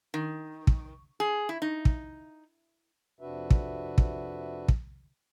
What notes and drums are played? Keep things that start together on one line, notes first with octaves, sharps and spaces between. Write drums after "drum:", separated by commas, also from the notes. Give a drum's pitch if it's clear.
D#3
drum: kick
G#4
E4
D#4
drum: kick
F2 C3 D4 F#4 B4 E5
drum: kick
drum: kick
drum: kick